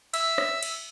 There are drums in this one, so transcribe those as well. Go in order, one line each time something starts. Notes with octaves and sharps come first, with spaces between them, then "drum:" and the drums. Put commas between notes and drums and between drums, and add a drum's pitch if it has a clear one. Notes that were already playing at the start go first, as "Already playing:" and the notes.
E5, drum: cymbal
drum: rim click
drum: cymbal